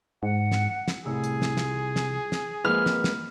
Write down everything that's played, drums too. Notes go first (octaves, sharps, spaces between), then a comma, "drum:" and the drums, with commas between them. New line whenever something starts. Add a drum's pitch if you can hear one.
G#2 F#5
drum: snare
drum: snare
C2 A2 G#4 E6
drum: hi-hat
drum: snare
F4, drum: snare
drum: snare
drum: snare
F3 G#3 A#3 B4 F6
drum: snare
drum: snare